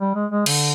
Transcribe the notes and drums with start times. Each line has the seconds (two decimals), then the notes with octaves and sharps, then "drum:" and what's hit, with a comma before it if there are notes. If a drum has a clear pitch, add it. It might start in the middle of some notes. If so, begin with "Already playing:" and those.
0.01 G3
0.15 G#3
0.32 G#3
0.46 D3, drum: cymbal